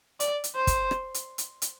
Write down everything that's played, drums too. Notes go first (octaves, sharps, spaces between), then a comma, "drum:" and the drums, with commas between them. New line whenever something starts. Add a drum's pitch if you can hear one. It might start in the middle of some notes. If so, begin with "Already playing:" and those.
D5, drum: hi-hat
drum: hi-hat
C5
drum: kick, hi-hat
drum: rim click
drum: hi-hat
drum: hi-hat
drum: hi-hat